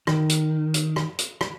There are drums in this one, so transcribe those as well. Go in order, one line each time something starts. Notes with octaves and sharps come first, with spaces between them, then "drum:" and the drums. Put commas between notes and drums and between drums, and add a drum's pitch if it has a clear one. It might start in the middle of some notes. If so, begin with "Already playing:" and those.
D#3, drum: rim click
drum: hi-hat
drum: hi-hat
drum: rim click
drum: hi-hat
drum: rim click